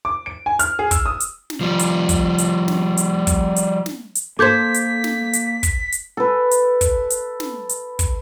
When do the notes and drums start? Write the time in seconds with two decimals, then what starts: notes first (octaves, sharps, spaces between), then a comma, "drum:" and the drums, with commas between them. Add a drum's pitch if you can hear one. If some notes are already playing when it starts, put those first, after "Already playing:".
0.05 D6
0.26 D7
0.46 G#5
0.59 F6, drum: hi-hat
0.79 G#4
0.91 E6, drum: kick, hi-hat
1.06 D#6
1.20 drum: hi-hat
1.50 drum: snare
1.61 F3 G3
1.79 drum: hi-hat
2.09 drum: kick, hi-hat
2.38 drum: hi-hat
2.68 drum: snare
2.97 drum: hi-hat
3.27 drum: kick, hi-hat
3.56 drum: hi-hat
3.86 drum: snare
4.15 drum: hi-hat
4.39 A#3 A4 C5 D6 G6 G#6 B6
4.74 drum: hi-hat
5.04 drum: snare
5.33 drum: hi-hat
5.63 drum: kick, hi-hat
5.92 drum: hi-hat
6.17 A4 B4
6.51 drum: hi-hat
6.81 drum: kick, hi-hat
7.10 drum: hi-hat
7.40 drum: snare
7.69 drum: hi-hat
7.99 drum: kick, hi-hat